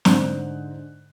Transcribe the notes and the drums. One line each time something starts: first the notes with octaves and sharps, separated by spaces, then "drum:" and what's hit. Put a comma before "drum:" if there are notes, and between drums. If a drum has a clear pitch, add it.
G#2 D3 C5 F#6 G6, drum: snare